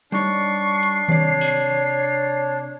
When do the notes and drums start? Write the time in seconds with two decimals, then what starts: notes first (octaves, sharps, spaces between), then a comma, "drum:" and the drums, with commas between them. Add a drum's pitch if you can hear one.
0.12 G3 D4 D#4 C#5 C#6 C7
0.83 drum: hi-hat
1.08 C3 C#5 D5, drum: tom D#3
1.41 drum: open hi-hat